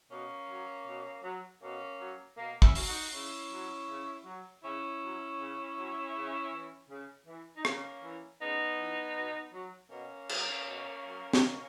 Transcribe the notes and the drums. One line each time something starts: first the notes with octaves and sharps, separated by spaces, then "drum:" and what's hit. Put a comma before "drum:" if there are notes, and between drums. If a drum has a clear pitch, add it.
B2 A#3 C#4
F#3
B2
F#3
B2 A#3 C#4
F#3
B2 A#3
C#4 E4, drum: kick
F#3, drum: open hi-hat
D#4 F#4
C#3 C#4 E4
F#3
C#3
F#3
C#3 C#4 E4
F#3
C#3
F#3
C#3
E3
C#3
E3
D#4
C#3 A#3 C#4, drum: rim click
E3
C#3 B3 D#4
E3
B2
F#3
B2 A#3 C#4
F#3, drum: cymbal
B2
F#3
drum: snare
B2